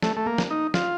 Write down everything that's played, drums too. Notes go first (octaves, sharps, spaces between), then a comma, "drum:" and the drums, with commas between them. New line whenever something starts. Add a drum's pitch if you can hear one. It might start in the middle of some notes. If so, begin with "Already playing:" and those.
A3, drum: snare
A3
A#3
drum: snare
D#4
F4, drum: snare